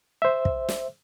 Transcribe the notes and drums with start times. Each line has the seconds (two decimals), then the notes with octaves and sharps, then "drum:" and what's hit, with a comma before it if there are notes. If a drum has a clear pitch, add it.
0.22 C5 E5
0.45 drum: kick
0.69 drum: snare